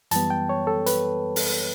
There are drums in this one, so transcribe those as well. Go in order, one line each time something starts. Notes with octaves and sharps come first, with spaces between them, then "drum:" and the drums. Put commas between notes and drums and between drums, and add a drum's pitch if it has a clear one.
F#2 E3 G3 B3 A5, drum: hi-hat
G5
C#5
A4
B4, drum: hi-hat
drum: open hi-hat